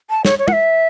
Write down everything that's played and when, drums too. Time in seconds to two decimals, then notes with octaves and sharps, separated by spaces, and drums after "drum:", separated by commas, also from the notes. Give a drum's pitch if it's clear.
0.10 A5
0.25 C#5, drum: snare
0.39 C#5
0.48 F#5, drum: tom
0.53 E5